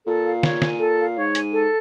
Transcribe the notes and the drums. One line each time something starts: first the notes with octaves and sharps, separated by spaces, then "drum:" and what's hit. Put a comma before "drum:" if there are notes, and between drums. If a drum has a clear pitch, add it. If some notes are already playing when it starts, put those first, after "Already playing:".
A#2 A4
F5
C#5, drum: snare
G#5, drum: snare
A4
F5
G#2 C#5
G#5, drum: hi-hat
A4